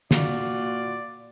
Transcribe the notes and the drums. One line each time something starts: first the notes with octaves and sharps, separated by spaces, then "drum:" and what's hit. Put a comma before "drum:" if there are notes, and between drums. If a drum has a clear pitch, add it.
A#2 F4 F#4 D5, drum: snare